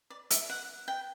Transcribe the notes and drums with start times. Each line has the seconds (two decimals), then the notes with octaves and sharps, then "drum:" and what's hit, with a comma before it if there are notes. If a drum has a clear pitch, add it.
0.10 D5
0.30 E5, drum: hi-hat
0.50 F#5
0.88 G5